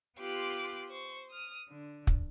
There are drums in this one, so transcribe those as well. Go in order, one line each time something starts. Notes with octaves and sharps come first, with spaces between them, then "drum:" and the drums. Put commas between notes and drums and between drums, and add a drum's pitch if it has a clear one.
B3 F4 G4 C6 D6 F#6
C5 C#6
D#6 F6
D3
drum: kick